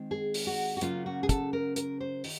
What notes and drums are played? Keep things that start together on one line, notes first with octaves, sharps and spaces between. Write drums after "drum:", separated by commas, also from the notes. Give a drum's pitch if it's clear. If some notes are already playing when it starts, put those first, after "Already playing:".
Already playing: D#3 G#3 C4
G#4
drum: open hi-hat
F#4
F#4
C#3 F#3 A#3 C#4 F4, drum: hi-hat
F#4
G#4
A4, drum: kick, hi-hat
A#4
A#4, drum: hi-hat
C5
D#3, drum: open hi-hat